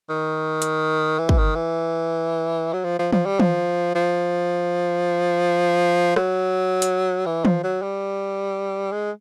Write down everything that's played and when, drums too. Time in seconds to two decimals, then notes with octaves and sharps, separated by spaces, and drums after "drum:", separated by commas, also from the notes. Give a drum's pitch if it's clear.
0.09 D#3
0.62 drum: hi-hat
1.19 E3
1.29 drum: kick
1.38 D#3
1.55 E3
2.73 F#3
2.84 F3
2.99 F3
3.12 F3, drum: tom
3.26 G3
3.40 F3, drum: tom
3.95 F3
6.16 F#3, drum: rim click
6.82 drum: hi-hat
7.26 E3
7.45 F3, drum: tom
7.64 F#3
7.82 G3
8.92 G#3